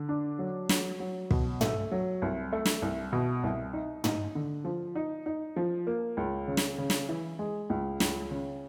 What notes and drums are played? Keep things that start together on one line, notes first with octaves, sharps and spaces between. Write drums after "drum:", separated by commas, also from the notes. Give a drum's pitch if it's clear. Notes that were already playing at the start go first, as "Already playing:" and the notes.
Already playing: D3
D4
F#3
F#3, drum: snare
F#3
B2, drum: kick
A3, drum: tom
F#3
C2
A3
drum: snare
C2
B2
C2
D#4
D#4, drum: tom
D3
F3
D#4
D#4
F3
A#3
C#2
C#3
drum: snare
C#3
drum: snare
E3
G#3
C#2
C#2, drum: snare
C#3